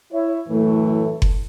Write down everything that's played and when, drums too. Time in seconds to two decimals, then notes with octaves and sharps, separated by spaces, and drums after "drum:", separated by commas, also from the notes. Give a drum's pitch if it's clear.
0.13 E4 C#5 E5
0.48 F#2 A2 E3 A3
1.22 drum: kick F#1